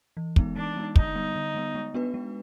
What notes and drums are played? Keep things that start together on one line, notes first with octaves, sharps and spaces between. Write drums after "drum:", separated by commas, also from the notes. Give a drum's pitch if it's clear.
E3
G#3 B3 D#4, drum: kick
E3 D4
G#3 B3 D#4
D3 D#4, drum: kick
G3 B3
D3
G3 B3
G#3
B3 D4 F#4 B4
G#3